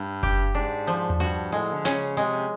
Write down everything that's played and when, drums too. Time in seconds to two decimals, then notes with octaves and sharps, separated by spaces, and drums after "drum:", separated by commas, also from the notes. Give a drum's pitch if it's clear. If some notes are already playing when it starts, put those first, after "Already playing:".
Already playing: G2
0.23 G4, drum: kick F#1
0.55 G#2 D4
0.87 F3
1.10 drum: tom E2
1.20 G2 F#4
1.52 A2 G#3
1.73 D3
1.85 C#3 C#4, drum: snare
2.17 C3 G#3